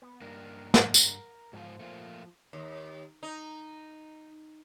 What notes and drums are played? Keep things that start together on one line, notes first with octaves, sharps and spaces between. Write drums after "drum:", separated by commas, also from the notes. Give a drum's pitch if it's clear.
B3
G2 A#3 D4 A#4
drum: snare
drum: tambourine
G#2 F3 F4
A3 A#3 F4
D#2
D#4